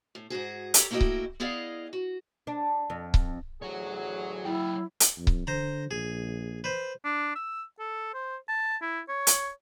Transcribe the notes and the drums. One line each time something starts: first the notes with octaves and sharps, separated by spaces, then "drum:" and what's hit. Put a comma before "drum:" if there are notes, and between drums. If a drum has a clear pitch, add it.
A2
G#2 B2 F#4 G#4
G4 A4 A#4 C#5, drum: hi-hat
A3 A#3 E4 F#4 D#5 G5
drum: kick C#1
B3 E4 G#4 D5 D#5 F5
F#4
D4
F2
drum: kick C#1
A1 D2 F#4 G#4 C#5
F#3 E4 G5
drum: hi-hat
F2
drum: kick C#1
D3 C5 A#5
A#1 G#4
B4 C5
D4
E6
A4
C5
A5
E4
C#5
drum: hi-hat